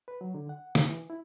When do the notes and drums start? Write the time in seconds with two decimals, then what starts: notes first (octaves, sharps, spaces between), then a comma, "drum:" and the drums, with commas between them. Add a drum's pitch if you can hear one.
0.08 B4
0.21 F#3
0.35 D3
0.49 F#5
0.75 drum: snare
0.88 E3
1.10 E4